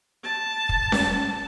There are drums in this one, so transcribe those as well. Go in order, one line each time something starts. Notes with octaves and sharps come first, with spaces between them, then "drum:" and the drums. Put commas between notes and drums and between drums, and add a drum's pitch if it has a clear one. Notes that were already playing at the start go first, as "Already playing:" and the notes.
A5
drum: kick
drum: snare C#4